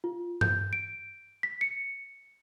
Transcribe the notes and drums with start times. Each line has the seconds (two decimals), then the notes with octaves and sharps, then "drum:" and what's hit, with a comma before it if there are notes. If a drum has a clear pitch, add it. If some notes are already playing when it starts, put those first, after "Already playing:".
0.04 F4
0.41 G6, drum: tom G2
0.73 D7
1.43 B6
1.61 C#7